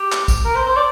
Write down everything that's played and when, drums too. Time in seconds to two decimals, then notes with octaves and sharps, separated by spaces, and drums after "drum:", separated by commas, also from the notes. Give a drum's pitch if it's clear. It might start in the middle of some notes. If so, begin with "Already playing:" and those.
Already playing: G4
0.12 drum: clap
0.28 drum: kick A#1, tambourine
0.45 A#4
0.55 C5
0.66 C5
0.77 D5